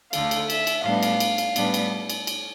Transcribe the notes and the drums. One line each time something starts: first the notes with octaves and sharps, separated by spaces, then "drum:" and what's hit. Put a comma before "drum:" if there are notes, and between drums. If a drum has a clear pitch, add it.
D2 D3 A3 F5, drum: cymbal
drum: cymbal
E5, drum: cymbal
drum: cymbal
A2 G3 B3 D4 F5
drum: cymbal
drum: cymbal
drum: cymbal
A2 G3 B3 D4, drum: cymbal
drum: cymbal
drum: cymbal
drum: cymbal